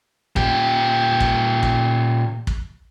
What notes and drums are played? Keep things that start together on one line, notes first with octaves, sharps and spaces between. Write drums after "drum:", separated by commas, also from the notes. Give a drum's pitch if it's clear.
A#2 G4, drum: kick
drum: kick
drum: kick
drum: kick